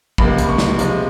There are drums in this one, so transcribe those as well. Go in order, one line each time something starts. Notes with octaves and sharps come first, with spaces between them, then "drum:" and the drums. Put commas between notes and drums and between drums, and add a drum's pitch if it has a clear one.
C#2 C3 F3 A#3 B5, drum: kick G#1
drum: hi-hat
C#6
drum: snare
C3 F3 G#3, drum: hi-hat